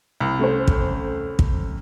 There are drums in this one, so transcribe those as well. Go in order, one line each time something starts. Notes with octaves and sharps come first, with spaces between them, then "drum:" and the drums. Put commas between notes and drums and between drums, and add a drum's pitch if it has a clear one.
C2
A3 C#4 C5
drum: kick
drum: kick